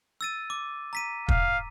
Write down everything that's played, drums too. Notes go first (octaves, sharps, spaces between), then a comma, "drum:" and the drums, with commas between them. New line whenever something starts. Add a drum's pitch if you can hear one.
E6 A6 D#7
D6
A#5 B6 D#7
F5, drum: kick